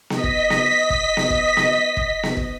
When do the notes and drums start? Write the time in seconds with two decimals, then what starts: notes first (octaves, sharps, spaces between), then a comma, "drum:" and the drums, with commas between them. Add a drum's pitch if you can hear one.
0.10 D#5 B6, drum: snare B3
0.24 drum: kick
0.50 drum: snare B3
0.90 drum: kick
1.17 drum: snare B3
1.30 drum: kick
1.57 drum: snare B3
1.97 drum: kick
2.23 drum: snare B3
2.37 drum: kick